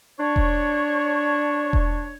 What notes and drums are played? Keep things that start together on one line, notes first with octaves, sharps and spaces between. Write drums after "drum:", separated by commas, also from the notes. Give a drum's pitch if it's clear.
D4 C#5
drum: kick E1
drum: kick E1